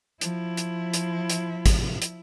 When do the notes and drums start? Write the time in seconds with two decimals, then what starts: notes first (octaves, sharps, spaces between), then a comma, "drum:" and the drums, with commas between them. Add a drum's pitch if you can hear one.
0.21 F3 E4, drum: hi-hat
0.57 drum: hi-hat
0.93 drum: hi-hat
1.30 drum: hi-hat
1.66 drum: kick, hi-hat
2.02 drum: hi-hat